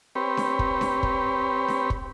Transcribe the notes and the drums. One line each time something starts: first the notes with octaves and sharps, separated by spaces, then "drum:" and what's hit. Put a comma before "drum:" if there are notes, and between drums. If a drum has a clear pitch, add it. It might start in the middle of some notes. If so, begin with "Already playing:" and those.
C4 G4 B4 C#5
drum: snare D4
drum: kick
drum: snare D4
drum: kick
drum: snare D4
drum: kick